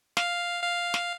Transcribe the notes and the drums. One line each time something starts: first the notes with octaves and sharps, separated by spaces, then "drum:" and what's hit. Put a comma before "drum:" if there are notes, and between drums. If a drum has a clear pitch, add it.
F5, drum: snare
F5
drum: snare